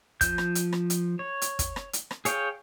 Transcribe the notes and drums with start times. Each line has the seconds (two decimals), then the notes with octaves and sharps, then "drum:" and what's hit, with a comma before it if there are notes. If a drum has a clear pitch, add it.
0.21 F3 G6, drum: kick, hi-hat
0.38 drum: rim click
0.55 drum: hi-hat
0.73 drum: rim click
0.90 drum: hi-hat
1.19 C#5
1.42 drum: hi-hat
1.59 drum: kick, hi-hat
1.76 drum: rim click
1.93 drum: hi-hat
2.11 drum: rim click
2.25 G#4 C#5 F5 G5, drum: hi-hat